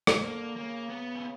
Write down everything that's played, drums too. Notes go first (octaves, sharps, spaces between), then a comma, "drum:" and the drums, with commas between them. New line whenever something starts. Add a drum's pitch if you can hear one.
drum: rim click
D3 A#3
C#3 A#3
B3
C#4